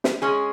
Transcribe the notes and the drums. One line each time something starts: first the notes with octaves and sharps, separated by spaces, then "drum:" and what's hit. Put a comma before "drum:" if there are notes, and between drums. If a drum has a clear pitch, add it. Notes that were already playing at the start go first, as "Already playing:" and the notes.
drum: snare
G#3 C#4 G#4